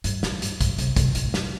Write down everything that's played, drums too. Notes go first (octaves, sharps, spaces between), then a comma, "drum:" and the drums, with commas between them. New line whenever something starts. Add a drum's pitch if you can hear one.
G2, drum: hi-hat
A2, drum: snare
G2, drum: hi-hat
G2, drum: kick, hi-hat
C3, drum: hi-hat
C3, drum: kick, hi-hat
A2, drum: hi-hat
drum: snare